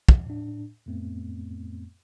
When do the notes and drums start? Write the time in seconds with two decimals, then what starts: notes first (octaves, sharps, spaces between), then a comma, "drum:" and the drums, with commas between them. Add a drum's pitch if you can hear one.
0.09 drum: kick
0.26 A2 D4
0.86 F2 A2 A3 B3 C4